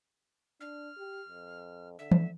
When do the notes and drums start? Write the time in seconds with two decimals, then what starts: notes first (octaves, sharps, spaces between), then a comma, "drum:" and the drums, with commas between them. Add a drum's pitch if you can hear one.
0.61 D4 F6
0.98 G4
1.28 F2
1.99 D3 E5
2.11 drum: tom E3